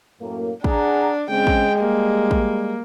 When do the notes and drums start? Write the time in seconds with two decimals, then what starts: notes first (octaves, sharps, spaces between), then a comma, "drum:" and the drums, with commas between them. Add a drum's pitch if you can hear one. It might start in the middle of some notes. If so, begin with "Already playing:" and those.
0.21 F#2 A2 A#3
0.64 D4 G#4 F#5 A#5, drum: kick
1.30 C#3 G#3 C4 C#4 G5
1.47 drum: kick
1.80 G3 A#3
2.31 drum: kick